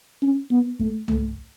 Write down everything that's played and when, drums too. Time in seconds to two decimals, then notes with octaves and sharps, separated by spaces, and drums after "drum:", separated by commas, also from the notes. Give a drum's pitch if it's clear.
0.22 C#4
0.51 B3
0.80 A3, drum: kick
1.08 A3, drum: tom C2